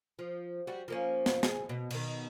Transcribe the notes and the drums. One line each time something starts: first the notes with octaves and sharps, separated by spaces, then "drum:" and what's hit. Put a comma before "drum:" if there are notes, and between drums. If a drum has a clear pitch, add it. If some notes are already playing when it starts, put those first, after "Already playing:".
F3
G3 F#4
F3 A#3 C#4
drum: snare
G#4, drum: snare
B2
B2 D#3, drum: cymbal